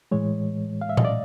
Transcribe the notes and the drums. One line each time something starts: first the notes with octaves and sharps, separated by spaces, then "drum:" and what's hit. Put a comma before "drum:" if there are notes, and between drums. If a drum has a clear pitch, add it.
A2 E3 G#3 C#5
F5
E5
D#5, drum: tom A#2
D5